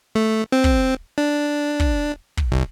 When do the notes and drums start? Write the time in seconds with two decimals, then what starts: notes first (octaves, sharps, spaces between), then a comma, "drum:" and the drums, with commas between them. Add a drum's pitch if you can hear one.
0.15 A3
0.52 C4
0.64 drum: kick
1.18 D4
1.80 drum: kick
2.37 drum: kick
2.52 C2